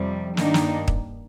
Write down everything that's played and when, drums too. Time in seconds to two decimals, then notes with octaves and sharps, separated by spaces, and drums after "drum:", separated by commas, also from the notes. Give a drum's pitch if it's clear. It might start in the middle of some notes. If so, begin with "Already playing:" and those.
Already playing: F2 C3 G3
0.37 G2 D#3 A#3 D4 D#4, drum: snare
0.54 drum: snare
0.88 drum: kick